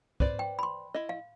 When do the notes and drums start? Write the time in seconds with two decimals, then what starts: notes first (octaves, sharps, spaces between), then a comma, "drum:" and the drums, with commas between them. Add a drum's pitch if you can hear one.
0.20 B4 C5 D5, drum: kick
0.39 G5
0.59 B5 C6
0.94 E4 D#5
1.09 F5